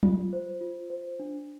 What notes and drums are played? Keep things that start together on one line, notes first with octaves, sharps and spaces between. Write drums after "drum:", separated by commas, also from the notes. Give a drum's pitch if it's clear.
F4, drum: tom F#3
C5
F4
C5
D4